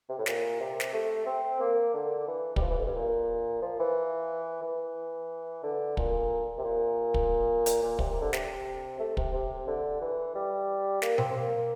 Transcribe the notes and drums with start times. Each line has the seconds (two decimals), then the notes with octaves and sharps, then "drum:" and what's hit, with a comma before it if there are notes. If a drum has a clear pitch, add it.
0.09 C3
0.18 A2
0.26 A#2, drum: snare
0.60 C3
0.80 drum: snare
0.93 A3
1.26 C4
1.60 A#3
1.94 D3
2.28 E3
2.56 G3, drum: kick
2.61 F3
2.70 E3
2.78 F2
2.86 G2
2.95 A#2
3.62 F3
3.79 E3
4.62 E3
5.63 D3
5.97 A#2, drum: kick
6.58 C3
6.64 A#2
7.14 drum: kick
7.66 A#2, drum: hi-hat
7.83 A#2
7.99 C3, drum: kick
8.21 D3
8.33 C3, drum: snare
9.00 A3
9.17 C3, drum: kick
9.33 C3
9.67 D3
10.01 E3
10.35 G3
11.02 A#3, drum: snare
11.18 C4, drum: tom B2
11.31 C4
11.35 A#3